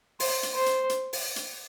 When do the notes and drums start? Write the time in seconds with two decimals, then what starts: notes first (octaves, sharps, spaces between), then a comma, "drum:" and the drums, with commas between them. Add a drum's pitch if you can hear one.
0.20 C5, drum: open hi-hat
0.43 drum: hi-hat
0.55 C5
0.66 drum: hi-hat
0.89 drum: hi-hat
1.13 drum: open hi-hat
1.36 drum: hi-hat